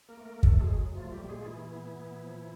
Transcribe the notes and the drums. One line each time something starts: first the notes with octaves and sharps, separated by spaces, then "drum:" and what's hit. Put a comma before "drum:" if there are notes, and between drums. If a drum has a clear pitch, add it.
A#3 A#4
A3
A#3 A#4
F#3 A3 A4, drum: kick
G#3 G#4
F#3
F3 A3 F4
G3 G4
A#2
G#3 G#4
F4
A#2 E3 E4
B3
A#2
F3